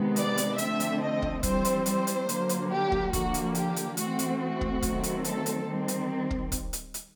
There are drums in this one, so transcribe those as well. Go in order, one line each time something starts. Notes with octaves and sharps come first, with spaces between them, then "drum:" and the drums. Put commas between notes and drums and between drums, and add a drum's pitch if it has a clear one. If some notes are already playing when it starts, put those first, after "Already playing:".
Already playing: C3 D#3 G#3 B3
D5, drum: hi-hat
drum: hi-hat
D3 F3 A3 C4 E5, drum: hi-hat
drum: hi-hat
D#5
drum: kick
E3 G3 C4 C5, drum: kick, hi-hat
drum: hi-hat
C5, drum: hi-hat
drum: hi-hat
D3 F#3 A#3, drum: hi-hat
drum: hi-hat
G4
drum: kick
D3 F3 A#3 F#4, drum: kick, hi-hat
drum: hi-hat
G4, drum: hi-hat
drum: hi-hat
E3 A3 C4 F#4, drum: hi-hat
drum: hi-hat
F#4
drum: kick
D#3 F#3 A3 C4, drum: kick, hi-hat
drum: hi-hat
A4, drum: hi-hat
drum: hi-hat
D#3 G3 C4
drum: hi-hat
drum: kick
drum: kick, hi-hat
drum: hi-hat
drum: hi-hat